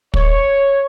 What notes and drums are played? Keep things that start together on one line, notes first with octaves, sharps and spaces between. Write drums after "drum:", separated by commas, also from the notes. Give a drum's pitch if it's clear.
C#5, drum: kick